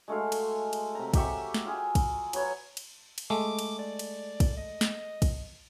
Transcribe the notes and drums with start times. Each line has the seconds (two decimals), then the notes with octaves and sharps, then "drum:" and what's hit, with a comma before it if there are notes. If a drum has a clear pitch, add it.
0.08 G#3 A3 F#4 F5
0.32 drum: cymbal
0.73 drum: cymbal
0.95 C3 A#5
1.14 F#4 G4 E5 C#6, drum: kick, cymbal
1.54 drum: snare
1.66 F4 G#4
1.95 drum: kick, cymbal
2.33 F#3 B4 C#5, drum: cymbal
2.77 drum: cymbal
3.18 drum: cymbal
3.30 G#3 A3 D6
3.59 drum: cymbal
3.79 D5
3.99 drum: cymbal
4.40 drum: kick, cymbal
4.57 D#5
4.81 drum: snare
5.22 drum: kick, cymbal